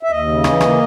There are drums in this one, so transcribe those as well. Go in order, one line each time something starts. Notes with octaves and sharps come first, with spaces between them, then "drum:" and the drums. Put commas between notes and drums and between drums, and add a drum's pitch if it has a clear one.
E5
D#2 D#5
C#3
E3, drum: rim click
A#3, drum: rim click